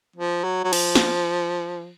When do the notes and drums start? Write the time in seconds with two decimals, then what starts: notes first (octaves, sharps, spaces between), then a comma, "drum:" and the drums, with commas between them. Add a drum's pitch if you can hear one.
0.16 F3
0.44 F#3
0.64 F#3
0.73 F3, drum: cymbal
0.95 drum: snare